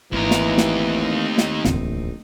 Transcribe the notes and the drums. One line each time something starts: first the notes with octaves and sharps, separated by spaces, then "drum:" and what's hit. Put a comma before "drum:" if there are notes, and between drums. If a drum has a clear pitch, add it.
G#1 D#2 E3 A3 C4 D#4 A#4
drum: snare
drum: snare
drum: snare
D1 A#1 E2, drum: snare